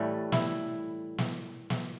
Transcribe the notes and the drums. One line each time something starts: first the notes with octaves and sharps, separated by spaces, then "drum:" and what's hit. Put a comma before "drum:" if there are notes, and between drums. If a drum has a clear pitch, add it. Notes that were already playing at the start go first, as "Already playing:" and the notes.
Already playing: A2 E3 G3 A3
E4, drum: snare
drum: snare
drum: snare